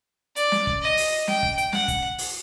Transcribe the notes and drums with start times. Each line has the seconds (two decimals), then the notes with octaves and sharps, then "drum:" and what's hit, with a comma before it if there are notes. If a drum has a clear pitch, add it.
0.36 D5, drum: hi-hat
0.52 drum: snare
0.67 drum: kick
0.82 D#5
0.97 drum: open hi-hat
1.28 G5, drum: snare
1.43 drum: kick
1.58 drum: hi-hat
1.73 F#5, drum: snare
1.88 drum: kick, hi-hat
2.18 drum: open hi-hat